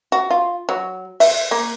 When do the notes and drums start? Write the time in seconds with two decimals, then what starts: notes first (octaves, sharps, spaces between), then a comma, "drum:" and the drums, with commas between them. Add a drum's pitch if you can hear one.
0.12 F#4
0.30 F4
0.69 F#3
1.20 E5, drum: open hi-hat
1.51 A#3